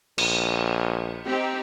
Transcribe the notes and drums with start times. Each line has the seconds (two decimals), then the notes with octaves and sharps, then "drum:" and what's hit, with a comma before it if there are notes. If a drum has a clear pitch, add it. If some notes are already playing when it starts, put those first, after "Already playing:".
0.18 A#1, drum: cymbal
1.28 C4 D#4 G4